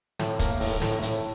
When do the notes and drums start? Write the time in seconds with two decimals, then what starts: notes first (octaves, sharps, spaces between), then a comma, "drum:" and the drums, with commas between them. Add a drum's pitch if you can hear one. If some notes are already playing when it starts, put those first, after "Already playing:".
0.19 A2, drum: snare
0.39 A#3, drum: kick, hi-hat
0.60 A2, drum: open hi-hat
0.82 A2, drum: snare
1.03 A2, drum: hi-hat